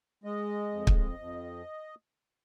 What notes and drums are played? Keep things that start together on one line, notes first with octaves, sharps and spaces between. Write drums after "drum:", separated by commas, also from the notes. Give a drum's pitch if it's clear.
G#3 D#5
F2
drum: kick
F2